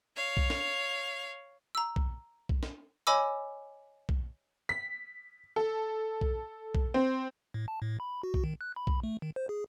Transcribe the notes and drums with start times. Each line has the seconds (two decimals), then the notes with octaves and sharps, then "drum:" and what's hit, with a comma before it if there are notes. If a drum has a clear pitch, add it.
0.16 C#5 F5
0.37 drum: kick
0.50 drum: snare D4
1.75 A#5 E6
1.96 drum: kick
2.49 drum: kick
2.63 drum: snare D4
3.07 C#5 D#5 G#5 B5 D6 E6
4.09 drum: kick
4.69 B6
5.56 A4
6.21 drum: kick
6.75 drum: kick
6.94 C4
7.54 A2
7.68 A5
7.82 A2
8.00 B5
8.23 F#4
8.34 drum: kick
8.44 D#3
8.61 F#6
8.76 B5
8.87 drum: kick
9.03 A3
9.22 D#3
9.36 C5
9.49 G#4